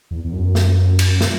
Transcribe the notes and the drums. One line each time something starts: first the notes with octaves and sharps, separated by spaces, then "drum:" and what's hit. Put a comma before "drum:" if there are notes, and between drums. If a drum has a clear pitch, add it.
E2
E2
F#2
drum: snare
drum: cymbal
drum: snare